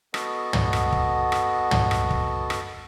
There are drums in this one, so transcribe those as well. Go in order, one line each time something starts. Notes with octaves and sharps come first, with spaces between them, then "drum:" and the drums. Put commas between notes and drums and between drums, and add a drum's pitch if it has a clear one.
B3 F#4 A4 D#5 A5, drum: rim click
drum: tom
drum: rim click
drum: kick
drum: rim click
drum: tom
drum: rim click
drum: kick
drum: rim click